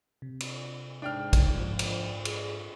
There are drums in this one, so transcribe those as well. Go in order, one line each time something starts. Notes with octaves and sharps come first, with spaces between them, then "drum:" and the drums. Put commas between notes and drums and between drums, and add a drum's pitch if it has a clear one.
C3
drum: cymbal
G#2 D4 G5 F6
drum: kick, cymbal
G#2 F3
drum: cymbal
G#4, drum: cymbal